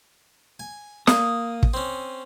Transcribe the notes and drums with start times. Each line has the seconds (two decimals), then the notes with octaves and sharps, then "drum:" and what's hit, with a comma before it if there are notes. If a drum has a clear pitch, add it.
0.60 G#5
1.07 A#3 D#6, drum: snare
1.63 drum: kick
1.74 C4 C#4